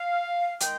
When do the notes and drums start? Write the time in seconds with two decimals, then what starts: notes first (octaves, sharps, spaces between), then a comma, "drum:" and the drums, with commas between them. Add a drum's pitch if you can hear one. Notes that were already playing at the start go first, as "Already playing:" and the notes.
Already playing: F5
0.60 D#3 G#3 G5, drum: hi-hat